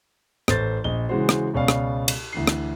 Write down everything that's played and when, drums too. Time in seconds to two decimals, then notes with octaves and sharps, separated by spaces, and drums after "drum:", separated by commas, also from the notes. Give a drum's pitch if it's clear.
0.48 A1 A4 C5 C6 G6 A6, drum: rim click
0.84 A#1 D#5 G7
1.09 C#3 E3 G#3 F#4 C5
1.29 drum: rim click
1.54 C#2 B2 C#4 D5 F5
1.68 drum: rim click
2.08 drum: cymbal
2.33 D2 E3 C7
2.47 drum: rim click